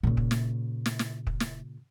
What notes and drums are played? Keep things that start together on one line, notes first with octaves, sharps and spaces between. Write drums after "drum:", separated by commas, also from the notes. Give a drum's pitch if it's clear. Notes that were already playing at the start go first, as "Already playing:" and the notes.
A#2 C#3
drum: kick
drum: snare
drum: snare
drum: snare
drum: kick
drum: snare